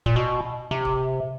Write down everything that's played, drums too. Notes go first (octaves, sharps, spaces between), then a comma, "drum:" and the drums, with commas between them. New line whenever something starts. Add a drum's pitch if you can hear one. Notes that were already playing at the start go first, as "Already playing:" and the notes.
A#2, drum: kick
B2
C3
drum: kick